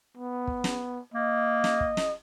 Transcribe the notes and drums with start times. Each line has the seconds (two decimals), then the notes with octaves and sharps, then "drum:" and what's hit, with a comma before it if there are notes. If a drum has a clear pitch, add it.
0.17 B3
0.47 drum: kick
0.64 drum: snare
1.14 A#3 D#5
1.64 drum: snare
1.80 drum: kick
1.97 drum: snare